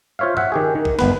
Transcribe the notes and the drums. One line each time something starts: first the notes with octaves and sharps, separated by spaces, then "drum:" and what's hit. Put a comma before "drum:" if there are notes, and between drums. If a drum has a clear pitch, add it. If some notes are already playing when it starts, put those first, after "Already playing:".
F4 C5 C#5 E5 F5
E5 F#5, drum: tom G2
D#3 G4 G#4
D#3
drum: kick
G1 B3 B4, drum: snare